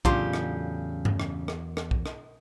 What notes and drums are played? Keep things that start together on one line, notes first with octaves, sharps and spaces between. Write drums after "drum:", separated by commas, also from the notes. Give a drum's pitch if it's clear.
E2 A2 C#3 F#3 D4 F4 G4, drum: kick B1
drum: rim click
drum: tom G2
drum: rim click
drum: rim click
drum: rim click
drum: kick B1
drum: rim click